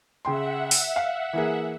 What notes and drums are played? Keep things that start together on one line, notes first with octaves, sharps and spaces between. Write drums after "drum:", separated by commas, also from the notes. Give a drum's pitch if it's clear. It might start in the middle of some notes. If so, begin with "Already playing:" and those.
C#3 E5 F#5 G5 C6
drum: open hi-hat
F5
E3 A#3 G#4